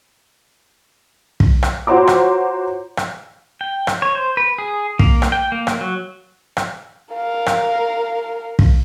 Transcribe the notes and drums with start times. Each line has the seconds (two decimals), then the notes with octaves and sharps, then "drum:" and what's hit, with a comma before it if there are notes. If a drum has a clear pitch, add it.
1.40 drum: kick
1.63 drum: rim click
1.87 F4 F#4 C5 C#5 A#5 D6
2.07 drum: rim click
2.97 drum: rim click
3.61 G5
3.87 drum: rim click
4.02 C#5
4.15 C5
4.37 B4
4.58 G#4
4.99 A#3, drum: kick
5.22 drum: rim click
5.32 G5
5.52 A#3
5.67 drum: rim click
5.81 F#3
6.57 drum: rim click
7.13 A#4 F5
7.46 drum: rim click
8.59 drum: kick